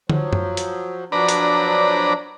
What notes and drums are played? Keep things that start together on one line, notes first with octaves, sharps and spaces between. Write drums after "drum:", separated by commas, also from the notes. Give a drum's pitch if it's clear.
F3 F#3, drum: tom
drum: tom F#2
drum: hi-hat
F3 F#3 D4 B4 D5 A#5
drum: hi-hat